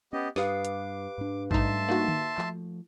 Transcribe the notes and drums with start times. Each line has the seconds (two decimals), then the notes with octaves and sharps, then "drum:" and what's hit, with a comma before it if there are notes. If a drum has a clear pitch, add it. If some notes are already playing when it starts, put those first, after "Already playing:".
0.13 B3 C#4 G4 D#5
0.36 G2 G4 B4 F5 D6 D#6, drum: snare
0.65 drum: hi-hat
1.18 G#2 D4
1.51 G#2 G3 A3 D4 D#4 E5 A5 C6, drum: kick A1
1.89 A#3 D#4 F#4
2.08 drum: tom D3
2.38 F3 A3, drum: clap